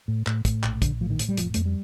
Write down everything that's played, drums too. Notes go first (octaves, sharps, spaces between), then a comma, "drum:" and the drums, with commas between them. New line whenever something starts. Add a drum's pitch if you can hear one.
A2
A2, drum: clap
A2, drum: kick, hi-hat
A#1, drum: clap
A#1 D3, drum: kick, hi-hat
A2 F3
D#3
A2, drum: hi-hat
G3
F1 F3, drum: hi-hat
F2 A3, drum: hi-hat
G3